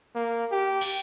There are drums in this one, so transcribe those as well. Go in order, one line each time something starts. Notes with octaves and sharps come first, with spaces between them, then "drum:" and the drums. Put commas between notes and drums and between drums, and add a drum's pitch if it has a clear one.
A#3
G4
drum: cymbal